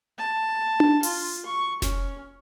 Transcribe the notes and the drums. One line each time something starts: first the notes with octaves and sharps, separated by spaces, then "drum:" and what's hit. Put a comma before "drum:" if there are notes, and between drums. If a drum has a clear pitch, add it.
A5
drum: tom D4
F4, drum: open hi-hat
C#6
C#4, drum: snare F1